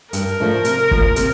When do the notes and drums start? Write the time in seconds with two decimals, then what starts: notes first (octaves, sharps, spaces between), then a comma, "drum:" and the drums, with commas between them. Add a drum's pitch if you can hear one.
0.13 G2 A#4, drum: hi-hat
0.40 F3 A3 D4
0.65 C3, drum: hi-hat
0.91 F3 A#3, drum: kick
1.16 C3, drum: hi-hat